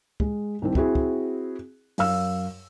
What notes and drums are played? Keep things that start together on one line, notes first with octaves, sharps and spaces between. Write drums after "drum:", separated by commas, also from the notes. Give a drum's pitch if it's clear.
G#3, drum: kick
C2 D#3 C4
C4 E4 F#4 G#4, drum: kick
drum: kick
F#2 F5 E6, drum: open hi-hat